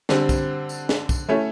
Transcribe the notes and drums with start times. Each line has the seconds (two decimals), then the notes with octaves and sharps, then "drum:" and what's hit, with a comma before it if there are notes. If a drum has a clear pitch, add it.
0.09 D3 G3 C4, drum: snare
0.29 drum: kick, tambourine
0.69 drum: tambourine
0.89 drum: snare
1.09 drum: kick, tambourine
1.29 A3 C#4 E4 A4 C#5